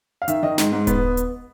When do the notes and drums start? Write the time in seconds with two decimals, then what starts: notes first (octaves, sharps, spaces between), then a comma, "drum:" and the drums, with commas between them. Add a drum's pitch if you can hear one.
0.22 F5
0.28 D#3 E5, drum: hi-hat
0.43 D#3 D#5
0.58 G#2, drum: snare
0.73 G#2
0.87 B3, drum: kick D#1, hi-hat
1.17 drum: hi-hat